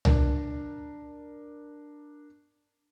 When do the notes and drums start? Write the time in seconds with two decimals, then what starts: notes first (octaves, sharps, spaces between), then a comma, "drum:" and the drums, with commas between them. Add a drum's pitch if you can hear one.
0.05 D4 A#4, drum: tom C2